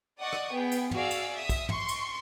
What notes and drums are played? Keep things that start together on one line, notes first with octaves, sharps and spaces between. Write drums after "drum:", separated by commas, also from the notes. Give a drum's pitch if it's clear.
D5 D#5 F#5 C#6 D#6
drum: rim click
B3 G#4 G5
drum: cymbal
F#4 G#4 D5 F5 E6, drum: tom
drum: cymbal
E5 D#6
drum: kick, cymbal
C6 C#6, drum: tom
drum: cymbal